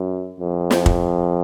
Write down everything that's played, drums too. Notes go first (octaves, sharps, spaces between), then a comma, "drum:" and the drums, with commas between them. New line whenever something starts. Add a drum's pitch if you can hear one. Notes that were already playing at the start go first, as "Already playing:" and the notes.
Already playing: F#2
F2
drum: snare
drum: kick